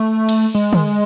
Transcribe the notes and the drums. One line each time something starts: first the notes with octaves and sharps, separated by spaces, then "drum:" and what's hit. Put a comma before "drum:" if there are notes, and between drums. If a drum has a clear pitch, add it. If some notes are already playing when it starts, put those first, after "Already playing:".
Already playing: A3
drum: cymbal
G#3
drum: tom D3